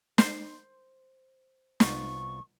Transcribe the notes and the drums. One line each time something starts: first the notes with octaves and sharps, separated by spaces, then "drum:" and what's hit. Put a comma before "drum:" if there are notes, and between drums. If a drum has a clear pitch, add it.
C5, drum: snare
C2 B3 F4 C#6, drum: snare